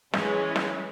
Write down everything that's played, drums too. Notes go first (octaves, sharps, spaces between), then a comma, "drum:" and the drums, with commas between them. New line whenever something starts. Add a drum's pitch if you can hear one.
E3 G#3 C#4, drum: snare
drum: snare